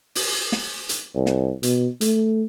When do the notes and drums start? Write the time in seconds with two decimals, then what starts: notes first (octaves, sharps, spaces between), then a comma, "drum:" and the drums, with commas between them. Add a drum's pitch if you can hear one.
0.15 drum: open hi-hat
0.52 drum: snare
0.89 drum: hi-hat
1.15 C2
1.26 drum: snare
1.63 B2, drum: hi-hat
2.01 A3, drum: hi-hat